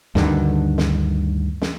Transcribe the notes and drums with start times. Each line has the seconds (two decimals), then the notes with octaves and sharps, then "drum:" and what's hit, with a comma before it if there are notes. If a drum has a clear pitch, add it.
0.15 D2 G2 D3 D#3, drum: snare
0.78 drum: snare
1.62 drum: snare